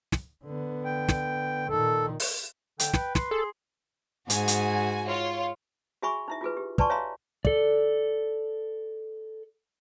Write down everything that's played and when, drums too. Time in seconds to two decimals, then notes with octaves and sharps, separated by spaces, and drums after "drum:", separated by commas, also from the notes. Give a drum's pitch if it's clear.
0.12 drum: snare
0.44 D3 B3
0.85 G5
1.09 drum: snare
1.69 A#2 D#3 A4
2.20 drum: open hi-hat
2.79 D3 G5, drum: hi-hat
2.94 B4, drum: snare
3.15 C6, drum: snare
3.31 G#4 A4
4.30 G#2 F#4 G#5, drum: hi-hat
4.48 drum: hi-hat
5.07 F4 C#5
6.02 F#4 G#4 E5 G#5 B5 C#6
6.28 D#4 E4 E5
6.41 F4 F#4 G#4 B4
6.57 G4
6.78 B4 D5 G#5 A5 C6 C#6, drum: kick
6.90 C#5 E5 F5 G#5 A#5 C6
7.45 A4 D5, drum: kick